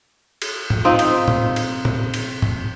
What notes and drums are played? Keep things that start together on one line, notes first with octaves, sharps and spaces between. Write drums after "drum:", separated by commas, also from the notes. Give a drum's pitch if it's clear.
drum: cymbal
drum: tom G#2
C4 D#4 F4
drum: cymbal
drum: tom A2
drum: cymbal
drum: tom A2
drum: cymbal
drum: tom G#2